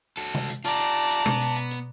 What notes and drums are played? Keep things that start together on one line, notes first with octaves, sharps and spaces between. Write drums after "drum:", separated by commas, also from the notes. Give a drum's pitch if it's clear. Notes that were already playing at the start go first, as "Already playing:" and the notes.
F#4 A4
drum: tom C3
drum: hi-hat
F4 G4 D5 A5 A#5, drum: hi-hat
drum: hi-hat
drum: hi-hat
B3, drum: tom B2
drum: hi-hat
drum: hi-hat
drum: hi-hat